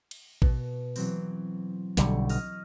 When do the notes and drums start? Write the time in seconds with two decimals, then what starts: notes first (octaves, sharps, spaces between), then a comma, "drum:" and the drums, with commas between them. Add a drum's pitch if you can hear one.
0.11 drum: cymbal
0.42 B2, drum: kick A1
0.96 E3 F#3 C4, drum: open hi-hat
1.97 B1 D3 G3 C#6, drum: snare
2.29 D#5 F6, drum: open hi-hat